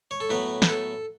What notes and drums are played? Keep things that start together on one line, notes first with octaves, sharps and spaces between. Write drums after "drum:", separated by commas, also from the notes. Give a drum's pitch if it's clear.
C#5
A4
A2 F#3 B3 B4
B4, drum: snare
A4